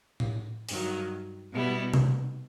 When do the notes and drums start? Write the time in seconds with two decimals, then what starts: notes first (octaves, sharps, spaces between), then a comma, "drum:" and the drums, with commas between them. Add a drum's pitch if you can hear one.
0.20 drum: tom A2
0.69 G2 D#3 F#3, drum: open hi-hat
1.52 B2 G3 B3 E4
1.94 drum: tom C3